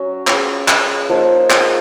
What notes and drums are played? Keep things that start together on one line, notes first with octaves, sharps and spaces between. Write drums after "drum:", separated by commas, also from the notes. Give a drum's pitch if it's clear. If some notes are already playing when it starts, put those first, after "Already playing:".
Already playing: F#3 C#4 F#4
C#4 F4 G#4, drum: clap
drum: clap
F3 A#3 D#4 G#4
drum: clap